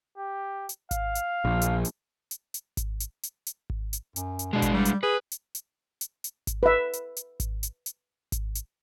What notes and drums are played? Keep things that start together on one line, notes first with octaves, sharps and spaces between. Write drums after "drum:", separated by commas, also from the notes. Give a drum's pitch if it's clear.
G4
drum: hi-hat
F5, drum: kick G#1, hi-hat
drum: hi-hat
A#1
drum: hi-hat
drum: hi-hat
drum: hi-hat
drum: hi-hat
drum: kick G#1, hi-hat
drum: hi-hat
drum: hi-hat
drum: hi-hat
drum: kick G#1
drum: hi-hat
F#2, drum: hi-hat
drum: hi-hat
B2 G#3 D4
drum: kick G#1, hi-hat
G3
drum: hi-hat
G#4 B4
drum: hi-hat
drum: hi-hat
drum: hi-hat
drum: hi-hat
drum: kick G#1, hi-hat
B4 E5
drum: hi-hat
drum: hi-hat
drum: kick G#1, hi-hat
drum: hi-hat
drum: hi-hat
drum: kick G#1, hi-hat
drum: hi-hat